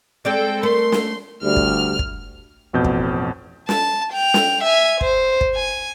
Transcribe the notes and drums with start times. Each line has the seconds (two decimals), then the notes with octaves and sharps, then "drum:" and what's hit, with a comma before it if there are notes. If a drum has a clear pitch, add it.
0.25 G#3 C4 A4 D5 G5
0.63 A3 A#4 C6
0.92 drum: snare
1.43 D2 G3 F6
1.56 drum: kick
1.99 drum: kick
2.73 A1 F2 B2 B3 G6
2.85 drum: kick
3.69 A5, drum: snare
4.13 G5 F7
4.34 drum: snare
4.64 E5 G#5
5.01 C5, drum: kick
5.41 drum: kick
5.55 G#5